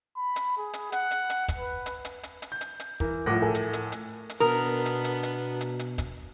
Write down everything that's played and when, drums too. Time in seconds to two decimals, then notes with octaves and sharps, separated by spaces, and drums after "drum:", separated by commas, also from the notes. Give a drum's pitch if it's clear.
0.16 B5
0.36 drum: hi-hat
0.58 G#4
0.73 drum: hi-hat
0.92 F#5, drum: hi-hat
1.11 drum: hi-hat
1.30 drum: hi-hat
1.48 drum: kick, hi-hat
1.58 B4
1.86 drum: hi-hat
2.05 drum: hi-hat
2.23 drum: hi-hat
2.42 drum: hi-hat
2.52 G6
2.61 drum: hi-hat
2.80 drum: hi-hat
3.00 E3 A#4, drum: kick
3.26 A2 F3 F#5 D6 A#6
3.42 A4 A#4 G#5
3.55 drum: hi-hat
3.73 drum: hi-hat
3.92 drum: hi-hat
4.29 drum: hi-hat
4.40 B2 B3 D4 A#4 A#5 D#6 F6
4.86 drum: hi-hat
5.04 drum: hi-hat
5.23 drum: hi-hat
5.61 drum: hi-hat
5.79 drum: hi-hat
5.98 drum: kick, hi-hat